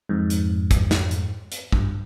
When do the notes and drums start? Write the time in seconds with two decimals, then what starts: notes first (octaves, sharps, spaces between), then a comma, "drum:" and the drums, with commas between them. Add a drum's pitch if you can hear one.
0.09 F2 G#2
0.30 drum: hi-hat
0.71 drum: kick, hi-hat
0.91 drum: snare
1.11 drum: hi-hat
1.52 drum: hi-hat
1.72 G2, drum: kick